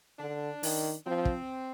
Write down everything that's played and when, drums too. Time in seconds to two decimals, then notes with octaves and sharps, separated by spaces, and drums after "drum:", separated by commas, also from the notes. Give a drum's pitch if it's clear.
0.19 D3 D4
0.63 D#3, drum: open hi-hat
1.06 F3 C4
1.25 drum: kick